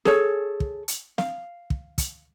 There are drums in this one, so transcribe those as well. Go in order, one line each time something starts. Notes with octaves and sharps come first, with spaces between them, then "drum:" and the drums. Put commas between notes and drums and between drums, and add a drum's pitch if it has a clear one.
G#4 A4 C#5, drum: snare
drum: kick
drum: hi-hat
F5, drum: snare
drum: kick
drum: kick, hi-hat